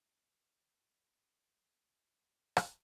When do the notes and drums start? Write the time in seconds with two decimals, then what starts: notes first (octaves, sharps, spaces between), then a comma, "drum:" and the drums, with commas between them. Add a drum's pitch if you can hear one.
0.26 G#2 A3 C4 D#5 B5
2.57 drum: rim click